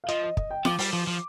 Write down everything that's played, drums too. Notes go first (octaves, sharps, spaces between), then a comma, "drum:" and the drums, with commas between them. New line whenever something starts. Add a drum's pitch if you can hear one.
F5
F3 D#5, drum: hi-hat
D#5
D#5, drum: kick
G5
F3 D6, drum: snare F4
G3, drum: open hi-hat
F3
F3